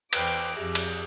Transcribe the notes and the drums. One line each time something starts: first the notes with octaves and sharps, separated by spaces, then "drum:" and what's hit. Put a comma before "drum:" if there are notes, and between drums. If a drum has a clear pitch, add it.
E2 B4 C5 G5 D6, drum: cymbal
F2 G4 G#4 E5
drum: cymbal